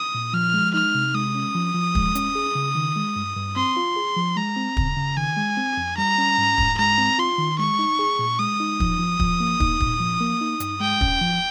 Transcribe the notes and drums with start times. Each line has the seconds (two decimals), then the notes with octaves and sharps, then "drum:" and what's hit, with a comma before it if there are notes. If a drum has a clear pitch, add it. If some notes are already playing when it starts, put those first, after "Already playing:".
Already playing: D#6
0.15 A#2
0.33 F3 F6
0.54 G#3
0.74 D#4 F6
0.95 C3
1.15 G#3 D#6
1.35 C#4
1.55 F3
1.74 F3
1.95 G#3, drum: kick
2.15 C#4, drum: hi-hat
2.35 G#4
2.55 C#3
2.75 D#3
2.96 G#3
3.16 G2
3.36 G2
3.56 C4 C6
3.77 F4
3.96 G#4
4.16 F3
4.36 G#3 A#5
4.56 C4
4.77 C#3, drum: kick
4.97 C#3
5.17 D#3 G#5
5.37 G#3
5.57 C4
5.77 F2
5.97 G3 A#5
6.18 C#4
6.38 G#2
6.58 G#2, drum: kick
6.78 G#3 A#5
6.98 C4
7.18 F4 C6
7.38 D#3
7.59 G#3 C#6
7.79 D#4
7.99 G#4
8.19 A#2
8.39 G#3 D#6
8.60 D#4
8.80 F3, drum: kick
8.99 F3
9.20 F3, drum: kick
9.40 A#3
9.60 D#4, drum: kick
9.80 A#2, drum: kick
10.00 F3
10.21 A#3
10.41 D#4
10.60 G2, drum: hi-hat
10.81 G#3 G5
11.01 C#4, drum: kick
11.21 F3